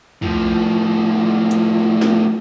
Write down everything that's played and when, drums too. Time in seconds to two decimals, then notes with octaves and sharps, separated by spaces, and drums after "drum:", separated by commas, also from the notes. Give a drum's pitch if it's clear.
0.22 A2 F3, drum: tom
1.51 drum: hi-hat
2.01 drum: snare